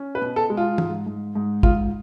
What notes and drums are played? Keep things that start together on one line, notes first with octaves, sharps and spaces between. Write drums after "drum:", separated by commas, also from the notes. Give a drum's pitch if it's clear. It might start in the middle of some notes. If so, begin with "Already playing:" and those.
Already playing: C#4
B4
B2
A4
G#3
F4
G#2, drum: tom
G#2
G#2
G#2 F4, drum: kick